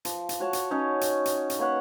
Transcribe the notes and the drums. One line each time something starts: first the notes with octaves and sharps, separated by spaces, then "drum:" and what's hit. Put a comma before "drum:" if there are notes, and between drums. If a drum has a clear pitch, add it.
F3, drum: hi-hat
drum: hi-hat
F#4 C#5 F#5 A5
drum: hi-hat
C#4 D#4 C#5
drum: hi-hat
drum: hi-hat
drum: hi-hat
A#3 B4 C#5 F#5